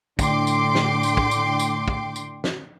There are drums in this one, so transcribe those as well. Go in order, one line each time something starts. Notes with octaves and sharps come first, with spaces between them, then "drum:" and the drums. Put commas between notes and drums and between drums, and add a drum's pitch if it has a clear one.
A2 D3 G5 C6 D6, drum: kick, tambourine
drum: tambourine
drum: snare
drum: tambourine
drum: kick
drum: tambourine
drum: tambourine
drum: kick
drum: tambourine
drum: snare